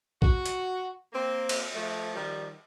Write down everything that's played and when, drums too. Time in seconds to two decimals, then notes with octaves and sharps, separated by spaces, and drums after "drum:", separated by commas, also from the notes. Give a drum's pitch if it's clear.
0.22 F#4, drum: kick A#1
0.46 drum: hi-hat
1.13 A#3 C4
1.49 drum: cymbal
1.75 F3 A3
2.15 D#3 F3 G3